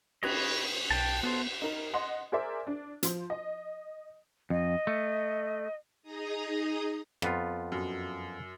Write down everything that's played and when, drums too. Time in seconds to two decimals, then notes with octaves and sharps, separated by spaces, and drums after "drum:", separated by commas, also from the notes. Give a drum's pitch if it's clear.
0.23 B4 C#5 D#5, drum: cymbal
0.91 B1 G5 A5
1.23 B3 F#4 A4 C5
1.62 D#4 A#4
1.94 D#5 F#5 C6
2.32 G#4 A#4 C5 D5 E5
2.67 D4
3.03 F3 C5, drum: hi-hat
3.30 D#5
4.50 F2 D#5
4.87 A3
6.02 D#4 G#4 D#5 A#5 D#6
7.22 F2 B3 F4, drum: rim click
7.72 F#2